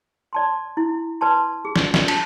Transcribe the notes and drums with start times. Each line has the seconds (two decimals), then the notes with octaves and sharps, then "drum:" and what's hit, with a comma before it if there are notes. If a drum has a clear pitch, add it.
0.33 D5 A5 C6
0.77 E4
1.21 B4 D5 A5 C6
1.65 G#4
1.76 drum: snare
1.94 drum: snare
2.08 A5, drum: cymbal